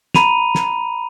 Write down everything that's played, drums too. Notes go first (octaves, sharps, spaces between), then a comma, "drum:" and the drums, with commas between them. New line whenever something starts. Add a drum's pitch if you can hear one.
A#5 B5 D#7 F7, drum: snare
drum: snare